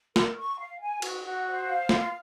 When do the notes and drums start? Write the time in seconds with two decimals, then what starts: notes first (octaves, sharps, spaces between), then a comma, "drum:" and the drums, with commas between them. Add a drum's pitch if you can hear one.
0.16 A#4, drum: snare
0.37 C#6
0.59 F5
0.81 G#5
1.02 F#4, drum: cymbal
1.24 F#4
1.45 C5
1.66 F5
1.89 F4, drum: snare